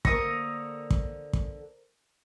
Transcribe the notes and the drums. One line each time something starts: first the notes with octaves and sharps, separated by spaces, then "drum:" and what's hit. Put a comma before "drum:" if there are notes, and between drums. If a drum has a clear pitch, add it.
D3 A#3 A#4 C5 C#6 D#6 A#6, drum: kick
drum: kick
drum: kick